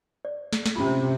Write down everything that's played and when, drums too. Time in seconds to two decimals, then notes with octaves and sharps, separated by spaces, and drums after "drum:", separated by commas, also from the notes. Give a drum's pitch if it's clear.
0.25 D5
0.53 drum: snare
0.66 drum: snare
0.76 C3 C#4 F4